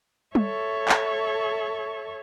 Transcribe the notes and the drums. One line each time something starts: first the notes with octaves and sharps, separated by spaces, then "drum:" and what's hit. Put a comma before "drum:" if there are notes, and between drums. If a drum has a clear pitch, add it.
A4 C#5 E5 C#6, drum: tom
drum: clap